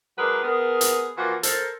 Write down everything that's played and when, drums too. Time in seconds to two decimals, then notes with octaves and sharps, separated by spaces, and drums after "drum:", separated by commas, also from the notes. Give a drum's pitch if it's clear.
0.18 F#3 G#3 D4 G#4 A#4 B4
0.43 B3 G#4 A#4
0.81 drum: hi-hat
1.17 E3 F3 A#3 F4 F#4
1.43 A4 A#4 C5, drum: hi-hat